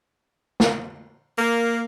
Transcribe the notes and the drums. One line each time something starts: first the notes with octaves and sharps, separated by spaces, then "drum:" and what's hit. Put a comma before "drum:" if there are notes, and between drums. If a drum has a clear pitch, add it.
drum: snare
A#3